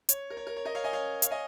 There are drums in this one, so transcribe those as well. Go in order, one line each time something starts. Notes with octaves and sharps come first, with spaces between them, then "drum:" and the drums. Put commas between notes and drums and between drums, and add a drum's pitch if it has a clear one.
C#5, drum: hi-hat
A#4
C#5
A#4
C#5
A#4 D#5
C#5 F5
D#5 G#5
C#5 F5
C#5 F5, drum: hi-hat
D#5 G#5